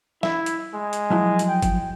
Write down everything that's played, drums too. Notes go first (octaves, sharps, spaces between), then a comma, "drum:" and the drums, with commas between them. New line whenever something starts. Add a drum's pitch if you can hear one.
E4 E5, drum: snare
drum: hi-hat
G#3
drum: hi-hat
F3 F#3 E4
drum: hi-hat
G5
drum: kick, hi-hat